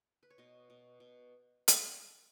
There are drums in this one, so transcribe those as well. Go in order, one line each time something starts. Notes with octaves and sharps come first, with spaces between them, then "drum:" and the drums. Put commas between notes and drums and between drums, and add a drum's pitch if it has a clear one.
B4
C#5
B2 D#5
B2
B2
drum: hi-hat